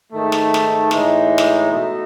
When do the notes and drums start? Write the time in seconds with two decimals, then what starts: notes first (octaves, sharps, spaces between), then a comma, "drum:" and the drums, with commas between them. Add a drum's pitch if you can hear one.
0.13 G#2 D#3 A3
0.32 drum: snare
0.54 drum: snare
0.91 A2 E3 G#3 D#4, drum: snare
1.38 drum: snare
1.69 B2 A3 D#4